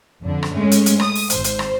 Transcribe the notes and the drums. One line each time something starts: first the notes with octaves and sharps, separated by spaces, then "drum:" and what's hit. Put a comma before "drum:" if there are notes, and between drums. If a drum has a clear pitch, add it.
F2 D3 D4
drum: rim click
G#2 G#3 A3 C#4
drum: hi-hat
drum: hi-hat
D#6, drum: rim click
drum: open hi-hat
G#1 C5, drum: hi-hat
drum: hi-hat
drum: rim click